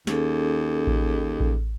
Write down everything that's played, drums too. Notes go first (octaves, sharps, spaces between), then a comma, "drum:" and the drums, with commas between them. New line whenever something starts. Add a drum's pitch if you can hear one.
D#2 C#4 G#4 A4, drum: snare
drum: kick A1
drum: kick A1